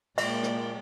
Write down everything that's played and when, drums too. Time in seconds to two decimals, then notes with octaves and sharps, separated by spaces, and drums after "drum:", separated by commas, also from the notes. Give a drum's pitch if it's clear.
0.18 A#2 G#3 A#3 D5 E5 G5, drum: cymbal
0.43 drum: rim click